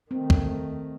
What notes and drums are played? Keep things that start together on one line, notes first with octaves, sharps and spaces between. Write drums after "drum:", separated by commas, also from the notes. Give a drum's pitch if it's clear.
D#3 A3 C4
drum: kick